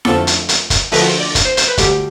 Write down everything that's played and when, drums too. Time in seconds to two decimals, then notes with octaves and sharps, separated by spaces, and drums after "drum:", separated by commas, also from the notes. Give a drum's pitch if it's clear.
0.05 F2 D3 F3 A3 A4, drum: snare E4
0.27 drum: hi-hat
0.49 drum: hi-hat
0.70 drum: kick, hi-hat
0.92 D2 D3 F3 A3 B4, drum: open hi-hat
1.06 C5
1.20 D5
1.35 drum: kick, hi-hat
1.45 C5
1.57 C5, drum: hi-hat
1.68 B4
1.78 D2 D3 G3 G4, drum: kick, hi-hat